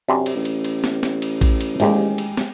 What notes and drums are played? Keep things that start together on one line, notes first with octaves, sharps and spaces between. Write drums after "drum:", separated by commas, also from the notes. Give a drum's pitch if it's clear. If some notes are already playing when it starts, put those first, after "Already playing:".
F#2 C3 C4 D4
drum: cymbal
A1
drum: cymbal
drum: cymbal
drum: snare
drum: snare
drum: cymbal
drum: kick, cymbal
drum: cymbal
A#1 D#2 G#3 G4, drum: cymbal
drum: cymbal
drum: snare